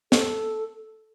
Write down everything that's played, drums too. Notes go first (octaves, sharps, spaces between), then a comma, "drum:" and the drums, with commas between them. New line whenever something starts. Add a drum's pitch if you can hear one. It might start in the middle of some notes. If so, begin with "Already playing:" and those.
A4, drum: snare